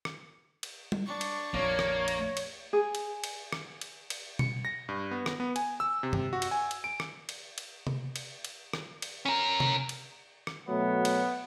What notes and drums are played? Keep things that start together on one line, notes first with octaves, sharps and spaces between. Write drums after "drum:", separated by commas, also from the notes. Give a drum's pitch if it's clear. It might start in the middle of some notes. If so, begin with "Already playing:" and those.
drum: rim click
drum: cymbal
drum: tom G3
D4 C#6
drum: cymbal
A#1 F2 A#2 A#3 C#5
drum: rim click
drum: cymbal
drum: cymbal
G#4
drum: cymbal
drum: cymbal
drum: rim click
drum: cymbal
drum: cymbal
C#7, drum: tom B2
A#6
G2
B3
drum: rim click
B3
G#5, drum: cymbal
E6
C3
drum: tom F#2
F#4
drum: cymbal
G#5
drum: cymbal
D7
drum: rim click
drum: cymbal
drum: cymbal
drum: tom C3
drum: cymbal
drum: cymbal
drum: rim click
drum: cymbal
C#4 A#4
drum: tom C3
drum: cymbal
drum: rim click
B2 F#3 A3 B3
drum: cymbal